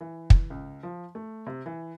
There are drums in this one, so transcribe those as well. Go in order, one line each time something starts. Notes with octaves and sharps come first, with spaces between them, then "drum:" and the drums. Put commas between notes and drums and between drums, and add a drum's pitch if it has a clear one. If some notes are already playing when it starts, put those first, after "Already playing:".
E3
drum: kick
C#2
F3
A3
C3
E3